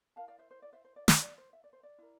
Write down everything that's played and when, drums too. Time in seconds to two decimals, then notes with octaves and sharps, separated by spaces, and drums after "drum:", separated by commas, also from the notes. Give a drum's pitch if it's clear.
0.16 E4 A#4 F5 A5
0.28 D5 F5
0.39 C5 E5
0.51 C5
0.62 D5
0.73 C5 E5
0.84 C5
0.96 D5
1.08 D5, drum: snare
1.22 D5
1.38 C5
1.53 E5
1.64 D5
1.73 C5
1.83 D5
1.98 E4 A#4